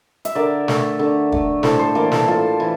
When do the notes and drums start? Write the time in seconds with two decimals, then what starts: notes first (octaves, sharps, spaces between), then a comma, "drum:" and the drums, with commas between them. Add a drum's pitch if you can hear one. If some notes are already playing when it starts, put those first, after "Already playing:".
0.25 E5, drum: hi-hat
0.35 D3 A#4 D5
0.68 A3, drum: snare
0.99 D3
1.32 A3, drum: kick
1.63 A2 A4 C5, drum: snare
1.79 A4 C5
1.95 E3 A#3 A#4 D5
2.12 A4 C5, drum: snare
2.28 A2 F4 A4
2.60 E3